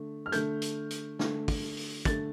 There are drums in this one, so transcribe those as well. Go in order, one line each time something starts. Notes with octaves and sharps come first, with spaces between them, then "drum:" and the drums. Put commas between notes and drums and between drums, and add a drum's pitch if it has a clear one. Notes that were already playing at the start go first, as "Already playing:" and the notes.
Already playing: D3 A3
F6
D3 A3 G6, drum: hi-hat
drum: hi-hat
drum: hi-hat
D3 A3, drum: snare
drum: kick, open hi-hat
drum: open hi-hat
D3 A3 A6, drum: kick, hi-hat